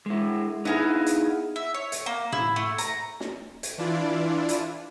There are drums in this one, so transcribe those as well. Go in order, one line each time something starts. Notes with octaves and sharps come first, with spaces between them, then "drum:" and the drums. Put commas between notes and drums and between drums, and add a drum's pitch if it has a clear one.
G#3 E4
B3 D#4 E4 G#4 F5
drum: hi-hat
E5
C#5
drum: hi-hat
A#3
E4, drum: tom A2
A3
A#5, drum: hi-hat
drum: snare
drum: hi-hat
E3 D4 E4 F4 D5
drum: hi-hat